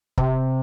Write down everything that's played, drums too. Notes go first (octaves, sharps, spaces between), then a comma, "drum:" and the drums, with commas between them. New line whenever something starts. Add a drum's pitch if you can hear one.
C3, drum: kick